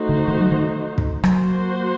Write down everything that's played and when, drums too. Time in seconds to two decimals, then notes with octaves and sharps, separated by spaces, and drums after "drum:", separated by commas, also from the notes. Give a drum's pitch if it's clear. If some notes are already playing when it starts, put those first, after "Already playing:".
Already playing: A3 D#4 F#4 C5
0.09 D3
0.28 D#3
0.40 F#3
0.52 D#3
0.98 drum: kick
1.24 F#3 A#3 F#4 C5, drum: rim click